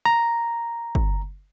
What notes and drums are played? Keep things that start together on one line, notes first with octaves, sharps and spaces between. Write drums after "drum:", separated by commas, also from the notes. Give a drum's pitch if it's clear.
A#5
drum: kick